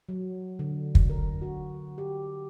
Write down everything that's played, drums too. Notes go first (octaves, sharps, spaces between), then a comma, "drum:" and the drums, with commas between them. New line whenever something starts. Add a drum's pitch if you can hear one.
F#3
D3
drum: kick
A#4
F#4
G4